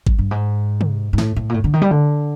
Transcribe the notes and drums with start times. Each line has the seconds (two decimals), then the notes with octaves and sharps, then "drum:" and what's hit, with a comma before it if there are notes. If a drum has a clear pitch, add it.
0.07 G2, drum: kick G#1
0.19 G2
0.31 G#2
0.81 drum: tom
1.13 G#2
1.18 A2, drum: snare
1.36 A2
1.49 A#2
1.54 A2
1.64 D3
1.74 D#3
1.82 G3
1.91 D3